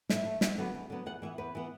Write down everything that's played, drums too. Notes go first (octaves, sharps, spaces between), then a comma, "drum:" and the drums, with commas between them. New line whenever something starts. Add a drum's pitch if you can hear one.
A2 E5, drum: snare
A3
E2, drum: snare
D3 F#3 B3
E2
D3 F#3 B3
E2 F#5
E3 B3 E5
E2 B4
E3 B3